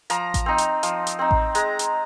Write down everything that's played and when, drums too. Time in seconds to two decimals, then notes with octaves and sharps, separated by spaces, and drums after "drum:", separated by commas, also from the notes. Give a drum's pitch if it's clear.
0.10 F3 A#5, drum: hi-hat
0.34 drum: kick A1, hi-hat
0.46 C4 D#4
0.58 drum: hi-hat
0.83 F3, drum: hi-hat
1.07 drum: hi-hat
1.19 C4 D#4
1.31 drum: kick A1
1.55 G#3 A#5, drum: hi-hat
1.79 drum: hi-hat